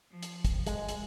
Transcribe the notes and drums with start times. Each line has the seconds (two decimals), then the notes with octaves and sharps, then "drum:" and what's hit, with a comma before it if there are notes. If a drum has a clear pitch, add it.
0.11 F3
0.23 drum: hi-hat
0.45 drum: kick, hi-hat
0.67 G#3, drum: hi-hat
0.89 drum: hi-hat